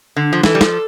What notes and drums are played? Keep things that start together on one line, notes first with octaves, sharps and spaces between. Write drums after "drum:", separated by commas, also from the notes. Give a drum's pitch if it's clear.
D3
F3
E3 A4, drum: snare
G3
F3, drum: snare